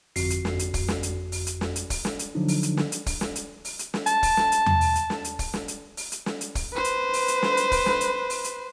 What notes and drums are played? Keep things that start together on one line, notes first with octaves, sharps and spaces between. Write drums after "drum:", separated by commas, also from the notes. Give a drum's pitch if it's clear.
G1 F2 F#4 C7, drum: open hi-hat
drum: hi-hat
drum: snare
drum: hi-hat
drum: kick, open hi-hat
drum: snare
drum: hi-hat
drum: open hi-hat
drum: hi-hat
drum: snare
drum: hi-hat
drum: kick, open hi-hat
drum: snare
drum: hi-hat
D3 F3 F#3 D4 D#4
drum: open hi-hat
drum: hi-hat
drum: snare
drum: hi-hat
drum: kick, open hi-hat
drum: snare
drum: hi-hat
drum: open hi-hat
drum: hi-hat
drum: snare
A5, drum: hi-hat
drum: kick, open hi-hat
drum: snare
drum: hi-hat
drum: tom E2
drum: open hi-hat
drum: hi-hat
drum: snare
drum: hi-hat
drum: kick, open hi-hat
drum: snare
drum: hi-hat
drum: open hi-hat
drum: hi-hat
drum: snare
drum: hi-hat
drum: kick, open hi-hat
B4 C5
drum: hi-hat
drum: open hi-hat
drum: hi-hat
drum: snare
drum: hi-hat
drum: kick, open hi-hat
drum: snare
drum: hi-hat
drum: open hi-hat
drum: hi-hat